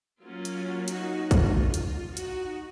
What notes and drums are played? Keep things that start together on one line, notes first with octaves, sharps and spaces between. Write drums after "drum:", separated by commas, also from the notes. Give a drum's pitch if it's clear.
F#3 A#3 C#4 F4
drum: hi-hat
D#4 F#4, drum: hi-hat
drum: kick, hi-hat
F4
drum: hi-hat
F4
D#4 F#4, drum: hi-hat